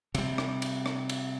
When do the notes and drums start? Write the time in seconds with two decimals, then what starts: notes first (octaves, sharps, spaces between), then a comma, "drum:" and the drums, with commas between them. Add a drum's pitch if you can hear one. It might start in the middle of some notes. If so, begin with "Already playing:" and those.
0.15 C3 G3, drum: cymbal
0.38 drum: rim click
0.62 drum: cymbal
0.86 drum: rim click
1.09 drum: cymbal